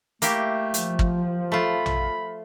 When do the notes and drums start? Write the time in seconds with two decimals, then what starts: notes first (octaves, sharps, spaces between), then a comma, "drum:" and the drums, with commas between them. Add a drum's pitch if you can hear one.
0.22 A3 A#3 E4 G4, drum: hi-hat
0.74 F3, drum: hi-hat
0.99 drum: kick
1.52 A3 F4 B5
1.86 drum: tom A#1